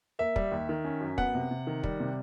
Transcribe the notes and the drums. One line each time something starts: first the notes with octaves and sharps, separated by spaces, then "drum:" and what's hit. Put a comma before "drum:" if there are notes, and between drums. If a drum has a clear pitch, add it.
A#3 E5
G3, drum: kick
D#2
D#3
C#4
F#2
B3 F#5, drum: kick
C3
C3
D#3
G3, drum: kick
C3